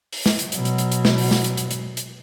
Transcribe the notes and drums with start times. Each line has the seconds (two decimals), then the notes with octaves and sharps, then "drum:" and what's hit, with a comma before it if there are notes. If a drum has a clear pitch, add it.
0.13 drum: open hi-hat
0.26 drum: snare
0.39 drum: hi-hat
0.52 B2 F#3, drum: hi-hat
0.65 drum: hi-hat
0.78 drum: hi-hat
0.92 drum: hi-hat
1.05 drum: snare
1.18 drum: open hi-hat
1.31 drum: snare
1.44 drum: hi-hat
1.57 drum: hi-hat
1.71 drum: hi-hat
1.97 drum: hi-hat